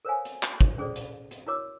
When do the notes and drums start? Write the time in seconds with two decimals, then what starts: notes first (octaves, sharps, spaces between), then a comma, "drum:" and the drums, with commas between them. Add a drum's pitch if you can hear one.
0.05 A4 A#4 C5 C#5 F5 G#5
0.25 drum: hi-hat
0.43 drum: clap
0.61 drum: kick, hi-hat
0.78 C#4 G#4 A4 C5 D5
0.96 drum: hi-hat
1.31 drum: hi-hat
1.47 E4 F#4 A#4 C#5 D6 E6